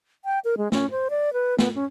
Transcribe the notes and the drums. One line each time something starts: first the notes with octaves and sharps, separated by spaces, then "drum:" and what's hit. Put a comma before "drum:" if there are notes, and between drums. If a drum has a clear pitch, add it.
G5
A#4
G#3
C#4, drum: snare
C5
D5
B4
B3, drum: snare
C#4